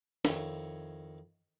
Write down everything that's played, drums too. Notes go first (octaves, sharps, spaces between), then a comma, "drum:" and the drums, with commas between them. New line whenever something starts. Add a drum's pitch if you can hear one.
F2 D#3 E4 C#5, drum: snare